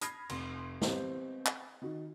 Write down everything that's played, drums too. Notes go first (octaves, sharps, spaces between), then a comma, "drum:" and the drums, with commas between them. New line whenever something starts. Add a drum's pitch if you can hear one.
B5 D#6 F6 G#6 A#6 C7, drum: hi-hat
F1 C6, drum: cymbal
B3 C4 G4 D#5 F5, drum: snare
drum: clap
D#3 D#4 F#4